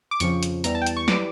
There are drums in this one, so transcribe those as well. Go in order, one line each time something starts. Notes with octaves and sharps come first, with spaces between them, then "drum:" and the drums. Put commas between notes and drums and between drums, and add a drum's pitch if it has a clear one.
D6
F2 C#3 F3 C#6, drum: hi-hat
drum: hi-hat
E2 E3 G3 A#5, drum: hi-hat
A5
G5
A5, drum: hi-hat
C#6
E3 G3 D6, drum: snare